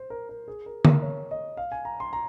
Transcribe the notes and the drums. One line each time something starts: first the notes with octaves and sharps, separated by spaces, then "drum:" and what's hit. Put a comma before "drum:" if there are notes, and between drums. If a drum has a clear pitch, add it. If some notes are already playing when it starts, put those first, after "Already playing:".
Already playing: C5
A#4
A#4
G#4
A#4
A#4, drum: tom D3
C#5
D#5
F5
G#5
A#5
C6
A#5